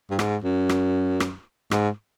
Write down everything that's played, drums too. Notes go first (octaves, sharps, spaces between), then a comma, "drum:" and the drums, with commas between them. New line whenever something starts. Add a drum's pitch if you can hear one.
G2
G#2, drum: rim click
F#2
drum: rim click
drum: rim click
G#2, drum: rim click